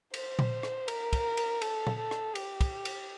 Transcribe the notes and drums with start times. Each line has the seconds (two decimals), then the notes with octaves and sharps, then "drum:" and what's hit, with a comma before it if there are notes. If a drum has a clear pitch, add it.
0.14 C5, drum: cymbal
0.39 drum: tom A#2
0.63 drum: rim click
0.88 A#4, drum: cymbal
1.13 drum: kick, cymbal
1.37 drum: cymbal
1.62 A4, drum: cymbal
1.87 drum: tom A#2
1.99 A4
2.11 drum: rim click
2.35 G4, drum: cymbal
2.61 drum: kick, cymbal
2.85 drum: cymbal